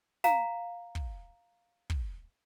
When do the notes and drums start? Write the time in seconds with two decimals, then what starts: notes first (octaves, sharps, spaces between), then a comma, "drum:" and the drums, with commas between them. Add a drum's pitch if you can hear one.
0.24 F5 A#5, drum: snare
0.95 drum: kick
1.90 drum: kick